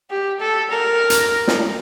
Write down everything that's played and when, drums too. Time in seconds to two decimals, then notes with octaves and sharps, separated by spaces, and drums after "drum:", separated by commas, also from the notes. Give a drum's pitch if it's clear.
0.11 G4
0.40 A4
0.71 A#4
1.10 drum: hi-hat
1.48 drum: snare